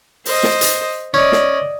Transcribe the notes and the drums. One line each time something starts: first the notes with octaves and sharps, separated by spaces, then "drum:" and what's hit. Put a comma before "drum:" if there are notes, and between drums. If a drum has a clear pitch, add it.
C5 D#5, drum: open hi-hat
drum: snare
drum: hi-hat
C#4 D5 D#5
drum: snare